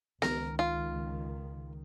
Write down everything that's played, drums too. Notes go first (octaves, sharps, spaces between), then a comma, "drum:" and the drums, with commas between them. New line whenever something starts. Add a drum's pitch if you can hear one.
C#2 D#3 A#4, drum: snare B3
F4